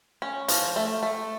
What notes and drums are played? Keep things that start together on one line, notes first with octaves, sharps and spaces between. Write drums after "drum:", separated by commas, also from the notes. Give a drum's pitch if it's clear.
C#4
F3, drum: hi-hat
A3
A3